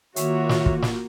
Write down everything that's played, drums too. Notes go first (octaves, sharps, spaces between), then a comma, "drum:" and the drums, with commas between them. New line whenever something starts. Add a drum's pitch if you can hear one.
D#3 A#3 F4 F#4 C#5 E5, drum: hi-hat
drum: snare
drum: kick
drum: snare